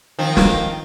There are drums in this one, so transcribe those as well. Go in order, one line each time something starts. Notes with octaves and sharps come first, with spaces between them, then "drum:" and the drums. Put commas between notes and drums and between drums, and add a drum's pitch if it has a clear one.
D#3 F3 C4
drum: snare